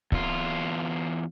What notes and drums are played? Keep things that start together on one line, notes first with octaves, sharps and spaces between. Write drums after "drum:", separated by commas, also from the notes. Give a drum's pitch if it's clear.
E2 F4, drum: kick C#1